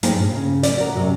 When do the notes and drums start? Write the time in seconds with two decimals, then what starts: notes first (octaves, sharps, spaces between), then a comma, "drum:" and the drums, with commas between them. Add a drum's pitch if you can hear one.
0.03 G3 A#3 D#4 G#4 C5 G5, drum: hi-hat
0.15 G2 A#2
0.36 C#3
0.63 D5, drum: hi-hat
0.77 F#4 A#4
0.95 F#2 C3